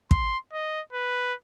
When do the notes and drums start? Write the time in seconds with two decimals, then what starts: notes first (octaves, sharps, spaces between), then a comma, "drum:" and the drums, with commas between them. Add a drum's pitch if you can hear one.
0.11 C6, drum: kick
0.53 D#5
0.93 B4